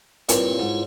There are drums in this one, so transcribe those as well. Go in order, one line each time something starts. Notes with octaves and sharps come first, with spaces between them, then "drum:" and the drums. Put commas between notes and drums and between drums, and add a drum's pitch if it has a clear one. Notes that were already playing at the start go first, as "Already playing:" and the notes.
G2 A#2 C4 E4 F4 C#5, drum: hi-hat
G#2